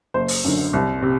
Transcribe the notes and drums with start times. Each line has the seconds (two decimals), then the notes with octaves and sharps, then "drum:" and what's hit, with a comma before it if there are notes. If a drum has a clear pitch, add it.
0.14 F#1 C5
0.28 drum: open hi-hat
0.45 F#2 D3
0.73 C2
1.02 C3